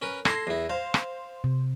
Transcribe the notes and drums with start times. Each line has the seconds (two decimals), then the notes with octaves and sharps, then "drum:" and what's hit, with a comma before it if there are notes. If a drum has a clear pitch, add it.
0.02 C#4 A#4 B4
0.25 A4 C6 G#6 A#6 C7, drum: rim click
0.47 E2 E4
0.69 C5 F5
0.94 drum: rim click
1.44 C3